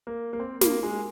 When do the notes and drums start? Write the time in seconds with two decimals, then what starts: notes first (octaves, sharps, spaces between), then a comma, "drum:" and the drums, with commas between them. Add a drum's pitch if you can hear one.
0.07 A#3
0.33 A#3
0.40 C4
0.61 A#3, drum: snare
0.83 G#3